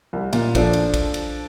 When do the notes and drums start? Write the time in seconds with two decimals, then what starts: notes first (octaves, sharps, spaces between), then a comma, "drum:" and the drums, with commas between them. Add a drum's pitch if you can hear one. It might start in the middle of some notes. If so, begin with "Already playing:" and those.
0.13 C2
0.33 A#2, drum: cymbal
0.55 F3 D4 A4, drum: kick, cymbal
0.73 drum: cymbal
0.94 drum: kick, cymbal
1.14 drum: cymbal